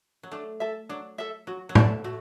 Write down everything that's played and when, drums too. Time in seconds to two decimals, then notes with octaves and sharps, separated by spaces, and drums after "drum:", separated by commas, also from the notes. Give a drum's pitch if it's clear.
0.23 F#3
0.32 A3 D4
0.60 A4 E5
0.89 F#3 D4
1.18 A4 E5
1.47 F#3 F#4
1.69 F#3
1.75 A3 D5 A5, drum: tom
2.04 A3 F#4